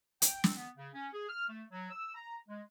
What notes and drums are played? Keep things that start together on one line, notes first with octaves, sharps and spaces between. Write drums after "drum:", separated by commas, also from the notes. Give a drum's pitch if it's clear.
G5, drum: hi-hat
C4, drum: snare
B3
C#3
C#4
G#4
F6
A3
F#3
E6
A#5
G#3